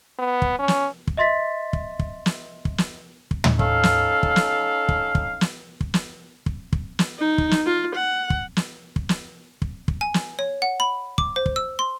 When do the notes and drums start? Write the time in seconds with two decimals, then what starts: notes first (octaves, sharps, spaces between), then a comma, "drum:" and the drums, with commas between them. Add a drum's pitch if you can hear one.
0.19 B3
0.42 drum: kick
0.59 C#4
0.68 drum: snare
1.07 drum: kick
1.17 D#5 E5 C6 A6 B6
1.73 drum: kick
1.99 drum: kick
2.26 drum: snare
2.65 drum: kick
2.78 drum: snare
3.31 drum: kick
3.44 drum: tom
3.59 C#4 D#4 A4 F5, drum: kick
3.83 drum: snare
4.23 drum: kick
4.36 drum: snare
4.89 drum: kick
5.15 drum: kick
5.41 drum: snare
5.81 drum: kick
5.94 drum: snare
6.46 drum: kick
6.73 drum: kick
6.99 drum: snare
7.19 D#4
7.38 drum: kick
7.51 drum: snare
7.66 F4
7.96 F#5
8.30 drum: kick
8.57 drum: snare
8.96 drum: kick
9.09 drum: snare
9.62 drum: kick
9.88 drum: kick
10.01 G#5
10.14 drum: snare
10.39 C#5
10.62 F#5
10.80 B5
11.18 D6, drum: kick
11.36 C5
11.46 drum: kick
11.56 E6
11.79 C6